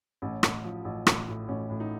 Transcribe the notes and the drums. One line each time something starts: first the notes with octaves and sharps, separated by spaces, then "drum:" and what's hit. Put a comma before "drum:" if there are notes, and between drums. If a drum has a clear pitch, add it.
A1 C#4
A1, drum: rim click
F3
A1
A1, drum: rim click
A2
A1 C#4
A2
D#4